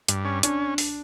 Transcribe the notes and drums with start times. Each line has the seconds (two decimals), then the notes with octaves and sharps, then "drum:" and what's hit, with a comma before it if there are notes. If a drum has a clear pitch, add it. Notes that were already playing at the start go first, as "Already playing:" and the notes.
0.09 G2, drum: hi-hat
0.25 C#4
0.43 C#4 D4, drum: hi-hat
0.78 drum: open hi-hat